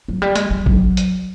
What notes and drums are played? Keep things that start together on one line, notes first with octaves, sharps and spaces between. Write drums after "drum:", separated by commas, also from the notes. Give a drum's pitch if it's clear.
F#3
G3
G#3, drum: hi-hat
G3
F#3, drum: kick
drum: hi-hat